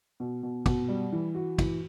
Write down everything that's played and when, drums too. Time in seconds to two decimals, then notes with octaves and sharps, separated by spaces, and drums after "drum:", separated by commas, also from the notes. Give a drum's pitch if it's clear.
0.20 B2
0.43 B2
0.66 B2, drum: kick, cymbal
0.88 G3
1.12 E3
1.35 F#4
1.59 E3, drum: kick, cymbal